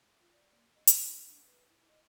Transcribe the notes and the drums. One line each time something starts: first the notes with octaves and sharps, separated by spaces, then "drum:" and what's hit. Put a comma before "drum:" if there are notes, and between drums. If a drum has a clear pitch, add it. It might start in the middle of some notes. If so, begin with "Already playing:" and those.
F4
D5
A#3
D#5
E4, drum: hi-hat
D#4
D4
B4
E4
D#5